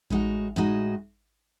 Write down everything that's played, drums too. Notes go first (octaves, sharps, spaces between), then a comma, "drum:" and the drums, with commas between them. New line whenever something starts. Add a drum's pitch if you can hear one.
A2 G#3 D#4 F#4, drum: kick A1
A2 G#3 D#4 F#4